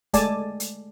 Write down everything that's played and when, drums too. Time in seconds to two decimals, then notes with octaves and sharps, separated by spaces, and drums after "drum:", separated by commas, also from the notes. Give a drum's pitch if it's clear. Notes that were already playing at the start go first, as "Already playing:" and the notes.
0.14 G#3 A3 D5 G#5 A5, drum: kick, hi-hat
0.60 drum: hi-hat